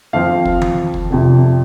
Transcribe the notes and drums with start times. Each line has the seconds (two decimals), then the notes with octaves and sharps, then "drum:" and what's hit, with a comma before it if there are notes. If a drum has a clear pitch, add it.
0.13 F2 F3 C4 F5
0.45 drum: kick
0.62 drum: tom D#3
0.94 drum: kick
1.10 F1 F2 C3